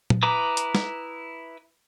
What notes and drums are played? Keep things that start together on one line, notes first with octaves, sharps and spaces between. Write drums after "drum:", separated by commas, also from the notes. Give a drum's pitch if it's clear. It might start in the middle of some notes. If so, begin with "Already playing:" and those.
drum: tom A#2
E4 B4 A#5 D6 D#6
drum: hi-hat
drum: snare